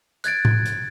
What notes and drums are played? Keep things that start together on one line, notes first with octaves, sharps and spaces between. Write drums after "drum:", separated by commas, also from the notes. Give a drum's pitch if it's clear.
F#6 G#6 A6 D7, drum: hi-hat
drum: tom A2
drum: hi-hat